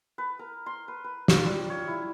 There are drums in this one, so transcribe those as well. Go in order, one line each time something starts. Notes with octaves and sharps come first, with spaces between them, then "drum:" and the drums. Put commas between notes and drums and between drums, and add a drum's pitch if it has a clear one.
B4
A#4
C6
B4
B4
F4, drum: snare
G3
C#5
E4